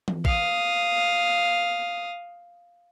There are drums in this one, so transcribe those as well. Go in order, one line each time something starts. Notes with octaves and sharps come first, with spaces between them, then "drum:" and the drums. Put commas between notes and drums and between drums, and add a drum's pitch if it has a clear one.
drum: tom E3
F5 D#6, drum: kick